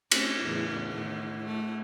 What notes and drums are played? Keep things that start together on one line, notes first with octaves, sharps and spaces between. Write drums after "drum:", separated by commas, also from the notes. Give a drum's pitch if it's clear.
A3 C4 C#4, drum: cymbal
E2 A2 C#3
A2 D#3
A3